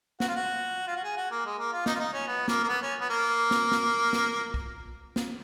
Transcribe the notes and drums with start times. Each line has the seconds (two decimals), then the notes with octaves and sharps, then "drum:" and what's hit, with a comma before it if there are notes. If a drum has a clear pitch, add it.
0.20 F#4, drum: snare
0.28 F4
0.35 F#4
0.87 F4
0.96 F#4
1.04 G#4
1.17 F#4
1.31 A#3
1.45 G#3
1.58 A#3
1.72 F4
1.86 D#4, drum: snare
1.95 F4
1.99 D#4
2.13 C#4
2.27 B3
2.48 A#3, drum: snare
2.63 A#3
2.68 B3
2.82 C#4
3.00 B3
3.10 A#3
3.51 drum: snare
3.72 drum: snare
4.13 drum: snare
4.54 drum: kick
5.16 drum: snare